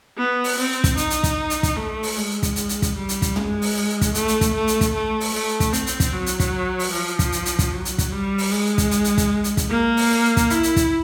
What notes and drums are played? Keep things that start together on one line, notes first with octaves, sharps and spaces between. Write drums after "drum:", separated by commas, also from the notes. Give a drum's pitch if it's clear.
B3
drum: open hi-hat
C4
drum: kick, hi-hat
D#4, drum: hi-hat
drum: hi-hat
drum: kick, hi-hat
drum: hi-hat
drum: kick, hi-hat
A3
drum: open hi-hat
G#3
drum: kick, hi-hat
drum: hi-hat
drum: hi-hat
drum: kick, hi-hat
G3
drum: hi-hat
drum: kick, hi-hat
G#3, drum: tom
drum: open hi-hat
drum: kick, hi-hat
A3, drum: hi-hat
drum: hi-hat
drum: kick, hi-hat
A3
drum: hi-hat
drum: kick, hi-hat
A3
drum: open hi-hat
A3
drum: kick, hi-hat
C4, drum: hi-hat
drum: hi-hat
drum: kick, hi-hat
F#3
drum: hi-hat
drum: kick, hi-hat
drum: open hi-hat
F3
drum: kick, hi-hat
drum: hi-hat
drum: hi-hat
drum: kick, hi-hat
F#3
drum: hi-hat
drum: kick, hi-hat
G3
drum: open hi-hat
G#3
drum: kick, hi-hat
drum: hi-hat
drum: hi-hat
drum: kick, hi-hat
drum: hi-hat
drum: kick, hi-hat
A#3
drum: open hi-hat
drum: kick, hi-hat
E4, drum: hi-hat
drum: hi-hat
drum: kick, hi-hat